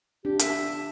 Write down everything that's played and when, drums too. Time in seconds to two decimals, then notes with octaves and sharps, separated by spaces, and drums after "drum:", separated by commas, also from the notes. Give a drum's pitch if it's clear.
0.25 D4 F4 G4
0.39 E5, drum: hi-hat